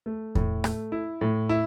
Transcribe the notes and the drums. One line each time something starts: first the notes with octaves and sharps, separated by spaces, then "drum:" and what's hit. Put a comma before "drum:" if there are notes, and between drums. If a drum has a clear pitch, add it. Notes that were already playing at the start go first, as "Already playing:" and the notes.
A3
A2, drum: kick E2
A3, drum: rim click
E4
A2
E4